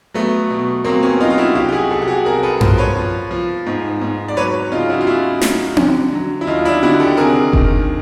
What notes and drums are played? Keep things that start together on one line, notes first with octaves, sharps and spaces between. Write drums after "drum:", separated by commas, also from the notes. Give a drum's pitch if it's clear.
F#3 A3 B3
B2
F#3 A#3 C4
B3 C#4
F#3 D#4 F4
F4
E4 F#4
C2 F4 G4
G4
F#4 G#4
C2 G4 A4
G4
F#4 G#4
C2 G#4 A#4
A4 B4
F3 A#4 C5, drum: tom F#2
B4 C#5
F3
F3
G#2
G#2
D5
F#3 B4 C#5
C#3 D#4 F4
E4 F#4
F4
C#3 E4 F#4
F#3, drum: snare
D3, drum: tom C4
F#3
E4
D#2 D#4 F4
D4 E4
D3 E4 F#4
G4 A4
C3 G#4 A#4
D#3, drum: kick F#1